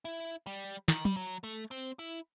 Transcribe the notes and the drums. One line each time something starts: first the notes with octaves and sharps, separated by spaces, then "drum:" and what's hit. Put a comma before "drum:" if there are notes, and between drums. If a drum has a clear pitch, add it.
E4
G3
D#3, drum: snare
G3, drum: tom F#3
F#3
A3
C4
E4